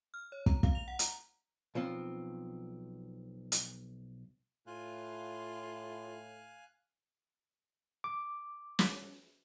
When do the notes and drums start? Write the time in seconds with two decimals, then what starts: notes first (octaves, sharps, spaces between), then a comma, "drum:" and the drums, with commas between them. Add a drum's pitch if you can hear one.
0.14 F6
0.32 C#5
0.46 A#5, drum: kick
0.63 F5, drum: kick
0.75 F7
0.88 F#5
0.99 A#5, drum: hi-hat
1.75 B1 F3 C4
3.52 drum: hi-hat
4.67 A2 F4 F5 G#5 F#6
8.04 D6
8.79 drum: snare